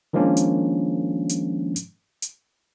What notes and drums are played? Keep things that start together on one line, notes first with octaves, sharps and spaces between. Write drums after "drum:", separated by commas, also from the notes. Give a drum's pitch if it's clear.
D#3 F3 G#3 A#3 C#4 D4
drum: hi-hat
drum: hi-hat
drum: hi-hat
drum: hi-hat